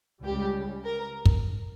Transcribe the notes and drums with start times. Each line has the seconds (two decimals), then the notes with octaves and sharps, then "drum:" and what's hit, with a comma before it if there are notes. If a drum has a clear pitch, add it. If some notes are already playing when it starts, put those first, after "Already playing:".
0.23 C#2 C#3 G3 G4
0.84 A#4
1.25 drum: kick